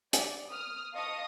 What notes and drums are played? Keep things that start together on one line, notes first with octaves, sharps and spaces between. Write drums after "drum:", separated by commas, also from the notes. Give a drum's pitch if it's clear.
D5, drum: hi-hat
D#6 F6
D#5 F5 A5 C#6 D#6